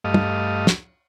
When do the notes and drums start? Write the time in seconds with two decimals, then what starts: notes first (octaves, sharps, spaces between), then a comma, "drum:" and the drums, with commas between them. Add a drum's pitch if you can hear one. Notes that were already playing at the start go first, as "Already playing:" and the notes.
0.04 G2 A3 D#5 F5
0.14 drum: tom
0.67 drum: snare